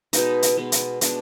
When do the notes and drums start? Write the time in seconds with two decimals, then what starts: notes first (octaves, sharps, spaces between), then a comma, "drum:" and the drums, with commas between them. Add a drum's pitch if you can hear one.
0.13 B2 G#3 B3 D#4, drum: hi-hat
0.42 drum: hi-hat
0.57 B2 G#3 B3
0.72 drum: hi-hat
1.01 B2 G#3 B3 D4, drum: hi-hat